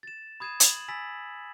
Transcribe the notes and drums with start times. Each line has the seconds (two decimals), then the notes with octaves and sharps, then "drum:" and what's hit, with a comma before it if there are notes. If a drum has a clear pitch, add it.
0.03 A6 E7
0.40 B5 D#6 G#6 C7 D#7 E7
0.60 F#7, drum: hi-hat
0.88 G#5 B5 E6 A6 B6 F#7